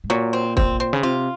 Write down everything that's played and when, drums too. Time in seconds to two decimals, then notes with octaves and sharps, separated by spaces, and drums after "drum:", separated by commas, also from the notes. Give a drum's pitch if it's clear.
0.04 G#2
0.10 A#2 F#3
0.33 C4
0.57 C4, drum: kick
0.80 C4
0.93 C#3
1.03 C3 F4